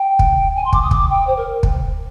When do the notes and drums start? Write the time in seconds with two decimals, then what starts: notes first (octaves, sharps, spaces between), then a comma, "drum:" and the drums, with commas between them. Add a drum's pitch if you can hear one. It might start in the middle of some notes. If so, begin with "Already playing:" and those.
Already playing: G5
0.19 drum: kick
0.55 G#5
0.64 C6
0.73 D6, drum: kick
0.82 D#6
0.91 D6, drum: kick
1.09 G5
1.27 C5
1.36 A#4
1.63 drum: kick